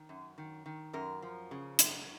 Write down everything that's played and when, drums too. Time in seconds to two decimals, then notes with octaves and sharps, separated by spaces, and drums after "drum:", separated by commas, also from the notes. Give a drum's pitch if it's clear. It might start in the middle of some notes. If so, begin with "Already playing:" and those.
Already playing: D#3
0.09 F#2
0.38 D#3
0.66 D#3
0.93 F#2 A#4
1.22 F3
1.51 C#3
1.79 F#2, drum: hi-hat